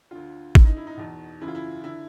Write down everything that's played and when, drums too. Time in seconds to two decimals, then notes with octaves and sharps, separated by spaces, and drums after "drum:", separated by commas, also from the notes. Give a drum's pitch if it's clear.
0.11 D2 D3 F4
0.55 F#2 D3 E4, drum: kick
0.65 D#4
0.77 E4
0.87 D#4
0.97 E2 B2
1.41 F#2 C#3 E3 E4
1.48 F4
1.55 E4
1.84 D3 E4